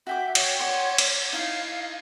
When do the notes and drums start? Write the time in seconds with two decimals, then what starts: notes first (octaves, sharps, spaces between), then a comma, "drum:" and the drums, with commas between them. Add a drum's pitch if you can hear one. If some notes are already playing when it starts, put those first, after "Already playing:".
0.07 F#4 E5 G5 D6
0.35 C#5, drum: cymbal
0.59 D5 F#5 C6
0.98 D6, drum: cymbal
1.33 D#4 E4 F5